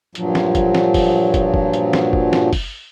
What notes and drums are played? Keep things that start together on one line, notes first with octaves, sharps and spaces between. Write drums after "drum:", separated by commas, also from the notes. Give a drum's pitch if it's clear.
G2 A#2 F3 F#3, drum: hi-hat
drum: snare
drum: kick, hi-hat
drum: snare
drum: kick, open hi-hat
drum: kick, hi-hat
drum: kick
drum: hi-hat
drum: snare
drum: kick
drum: snare
drum: kick, open hi-hat